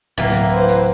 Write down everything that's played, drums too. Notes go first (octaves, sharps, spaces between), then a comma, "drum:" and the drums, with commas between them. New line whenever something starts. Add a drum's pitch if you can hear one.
D1 E3 A#3
drum: hi-hat
B4 C5
drum: hi-hat